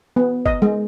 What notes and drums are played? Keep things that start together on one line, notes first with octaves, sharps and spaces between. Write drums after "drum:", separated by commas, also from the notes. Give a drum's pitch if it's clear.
B3
D#5, drum: kick
G#3